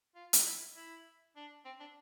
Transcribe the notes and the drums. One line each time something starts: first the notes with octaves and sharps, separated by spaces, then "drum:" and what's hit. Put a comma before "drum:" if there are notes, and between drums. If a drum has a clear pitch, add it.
F4
drum: hi-hat
E4
E4
D4
C4
D4